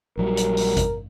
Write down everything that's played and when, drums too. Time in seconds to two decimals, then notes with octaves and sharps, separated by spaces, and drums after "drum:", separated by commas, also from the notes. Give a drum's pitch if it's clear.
0.17 A#1 F#3 G3 A#4
0.37 drum: hi-hat
0.57 drum: open hi-hat
0.77 drum: kick G#1, hi-hat